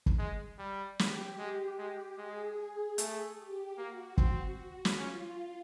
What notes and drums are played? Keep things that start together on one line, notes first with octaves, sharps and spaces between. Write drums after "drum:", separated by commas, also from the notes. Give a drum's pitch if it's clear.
drum: kick
G#3
G3
G4, drum: snare
G#3
G#3 G4
G#3 G#4
A3, drum: hi-hat
G4
A#3 F#4
C4, drum: kick
drum: snare
C#4 F4